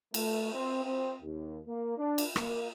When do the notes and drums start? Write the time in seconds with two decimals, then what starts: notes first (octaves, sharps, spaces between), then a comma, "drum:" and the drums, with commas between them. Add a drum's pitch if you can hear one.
0.14 A3, drum: cymbal
0.53 C4
0.84 C4
1.22 D#2
1.67 A#3
1.98 D4
2.18 drum: cymbal
2.36 A#3, drum: rim click